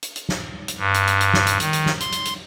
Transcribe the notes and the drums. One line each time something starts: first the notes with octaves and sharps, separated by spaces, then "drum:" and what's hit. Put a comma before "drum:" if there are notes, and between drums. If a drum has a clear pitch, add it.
drum: hi-hat
drum: hi-hat
drum: snare
drum: hi-hat
G2
drum: hi-hat
drum: hi-hat
drum: hi-hat
drum: snare
drum: hi-hat
D#3, drum: hi-hat
drum: hi-hat
drum: snare
C6, drum: hi-hat
drum: hi-hat
drum: hi-hat